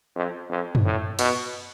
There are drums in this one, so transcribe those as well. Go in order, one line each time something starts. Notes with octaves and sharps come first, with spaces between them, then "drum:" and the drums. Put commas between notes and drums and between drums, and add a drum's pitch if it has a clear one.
F2
F2
drum: tom F#2
A2
B2, drum: cymbal